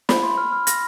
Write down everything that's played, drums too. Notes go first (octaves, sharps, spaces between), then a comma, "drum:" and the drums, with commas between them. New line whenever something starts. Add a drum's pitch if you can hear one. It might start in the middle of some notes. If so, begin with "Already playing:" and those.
B5, drum: snare
C6
F6
F6
A#6, drum: hi-hat